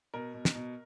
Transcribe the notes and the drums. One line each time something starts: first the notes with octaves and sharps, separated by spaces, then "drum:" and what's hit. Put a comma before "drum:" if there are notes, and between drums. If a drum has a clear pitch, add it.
B2 A#4
B2
drum: snare
B2